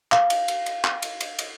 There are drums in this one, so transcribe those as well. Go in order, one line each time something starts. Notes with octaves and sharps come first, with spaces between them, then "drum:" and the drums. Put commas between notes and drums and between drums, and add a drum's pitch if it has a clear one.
F5, drum: clap
drum: cymbal
drum: cymbal
drum: cymbal
drum: clap
drum: cymbal
drum: cymbal
drum: cymbal